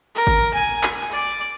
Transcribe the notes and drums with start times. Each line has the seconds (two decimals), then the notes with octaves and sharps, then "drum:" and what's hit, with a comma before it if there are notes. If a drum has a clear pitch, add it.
0.15 A#4
0.27 drum: kick G1
0.53 G#5
0.83 drum: clap
1.12 D5 D6